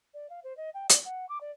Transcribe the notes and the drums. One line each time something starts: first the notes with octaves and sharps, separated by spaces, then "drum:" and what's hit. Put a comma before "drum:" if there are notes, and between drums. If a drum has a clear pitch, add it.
D5
F5
C5
D#5
G5
D5, drum: hi-hat
F#5
D6
D5